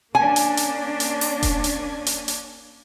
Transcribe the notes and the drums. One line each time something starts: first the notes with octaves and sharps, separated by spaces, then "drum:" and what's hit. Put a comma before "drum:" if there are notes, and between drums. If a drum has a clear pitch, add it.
A#3 C#4 D4 G#5
drum: hi-hat
drum: hi-hat
drum: hi-hat
drum: open hi-hat
drum: kick E1, hi-hat
drum: hi-hat
drum: hi-hat
drum: hi-hat